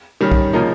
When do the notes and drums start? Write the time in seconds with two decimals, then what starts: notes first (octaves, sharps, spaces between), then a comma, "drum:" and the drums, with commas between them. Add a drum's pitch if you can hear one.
0.21 D#3 G3 C#4
0.32 drum: kick
0.53 C#3 F3 A#3 D#4